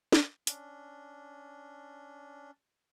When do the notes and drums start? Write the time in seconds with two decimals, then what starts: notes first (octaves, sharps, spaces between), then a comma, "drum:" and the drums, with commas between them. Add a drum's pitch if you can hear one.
0.12 drum: snare
0.47 C#4 D4, drum: hi-hat